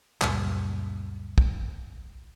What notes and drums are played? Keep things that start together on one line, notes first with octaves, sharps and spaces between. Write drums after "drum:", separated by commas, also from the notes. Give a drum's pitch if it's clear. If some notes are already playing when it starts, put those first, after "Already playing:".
C#2 F#2 A#2 G3, drum: clap
drum: kick